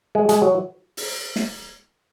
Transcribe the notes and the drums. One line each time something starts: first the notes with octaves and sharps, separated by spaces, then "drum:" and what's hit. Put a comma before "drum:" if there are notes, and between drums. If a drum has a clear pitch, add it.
G#3
G#3, drum: hi-hat
F#3
drum: open hi-hat
drum: snare